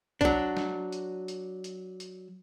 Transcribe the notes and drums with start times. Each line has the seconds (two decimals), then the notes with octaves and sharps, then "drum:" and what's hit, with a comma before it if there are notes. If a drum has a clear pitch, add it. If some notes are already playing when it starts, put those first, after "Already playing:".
0.21 F#3 D4, drum: kick B1, hi-hat
0.57 drum: snare
0.92 drum: hi-hat
1.28 drum: hi-hat
1.64 drum: hi-hat
2.00 drum: hi-hat